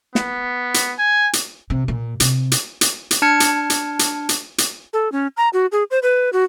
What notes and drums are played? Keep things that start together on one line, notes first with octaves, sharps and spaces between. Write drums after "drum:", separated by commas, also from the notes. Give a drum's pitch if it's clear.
B3, drum: snare
drum: hi-hat
G#5
drum: hi-hat
C3
A#2
C3, drum: hi-hat
drum: hi-hat
drum: hi-hat
drum: hi-hat
D4 A5 F6 G#6 C#7
drum: hi-hat
drum: hi-hat
drum: hi-hat
drum: hi-hat
drum: hi-hat
A4
C#4
A#5
F#4
G#4
C5
B4
F#4